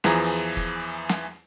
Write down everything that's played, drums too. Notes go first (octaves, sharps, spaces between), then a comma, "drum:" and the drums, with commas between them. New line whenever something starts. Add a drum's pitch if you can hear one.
E2 E3 F3 G#4 A#5, drum: snare
drum: kick F1
drum: snare